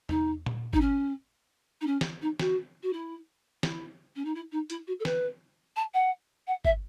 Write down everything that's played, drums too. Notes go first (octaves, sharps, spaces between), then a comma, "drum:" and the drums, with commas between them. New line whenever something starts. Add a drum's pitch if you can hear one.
D#4, drum: tom E2
drum: tom A#2
D#4, drum: kick G1
C#4
D#4
C#4
drum: snare
D#4
F#4, drum: snare
F#4
E4
E4, drum: snare
C#4
D#4
E4
D#4
E4, drum: hi-hat
F#4
A4
B4, drum: snare
A5
F#5
F#5
E5, drum: kick G1